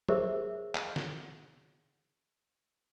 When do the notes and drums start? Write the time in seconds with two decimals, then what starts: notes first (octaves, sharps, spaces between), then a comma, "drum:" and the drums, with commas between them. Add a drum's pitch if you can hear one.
0.08 G4 G#4 A#4 C5 C#5 E5, drum: tom
0.75 drum: clap
0.96 drum: snare